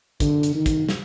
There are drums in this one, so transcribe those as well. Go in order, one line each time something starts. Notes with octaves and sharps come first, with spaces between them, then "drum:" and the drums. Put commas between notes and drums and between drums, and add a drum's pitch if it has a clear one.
D3, drum: kick, hi-hat
drum: hi-hat
D#3
drum: kick, hi-hat
drum: snare